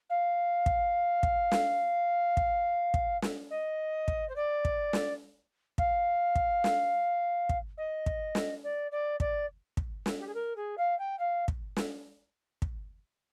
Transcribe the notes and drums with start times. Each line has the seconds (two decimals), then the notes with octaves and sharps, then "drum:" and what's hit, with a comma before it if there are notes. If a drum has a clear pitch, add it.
0.09 F5
0.66 drum: kick
1.23 drum: kick
1.52 drum: snare
2.37 drum: kick
2.94 drum: kick
3.22 drum: snare
3.50 D#5
4.08 drum: kick
4.29 C5
4.36 D5
4.65 drum: kick
4.93 drum: snare
5.78 F5, drum: kick
6.36 drum: kick
6.64 drum: snare
7.49 drum: kick
7.77 D#5
8.06 drum: kick
8.35 drum: snare
8.63 D5
8.91 D5
9.20 D5, drum: kick
9.77 drum: kick
10.06 drum: snare
10.20 G4
10.27 G#4
10.34 A#4
10.56 G#4
10.77 F5
10.99 G5
11.19 F5
11.48 drum: kick
11.77 drum: snare
12.62 drum: kick